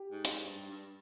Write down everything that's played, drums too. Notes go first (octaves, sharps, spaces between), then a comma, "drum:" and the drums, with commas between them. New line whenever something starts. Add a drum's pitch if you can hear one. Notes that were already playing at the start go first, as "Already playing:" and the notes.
Already playing: G4
G#2
drum: hi-hat
G2
G2